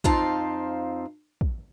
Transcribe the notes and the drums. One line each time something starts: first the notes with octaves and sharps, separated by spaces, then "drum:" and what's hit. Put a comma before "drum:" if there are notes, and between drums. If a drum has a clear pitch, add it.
F2 C4 D#4 F4 F5 A5, drum: kick
drum: kick